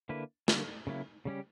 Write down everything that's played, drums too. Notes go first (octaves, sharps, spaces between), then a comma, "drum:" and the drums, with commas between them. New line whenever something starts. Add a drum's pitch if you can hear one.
D3 A#3 E4 B4
D3 G3 A#3, drum: snare
C#3 F#3 A#3 E4
C#3 G3 C#4 G4